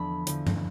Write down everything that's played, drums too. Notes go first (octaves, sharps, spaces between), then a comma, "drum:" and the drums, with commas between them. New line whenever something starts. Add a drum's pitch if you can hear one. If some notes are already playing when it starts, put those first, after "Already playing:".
Already playing: E2 D3 F3 A5 B5
E2 D3 F3, drum: hi-hat
drum: tom G2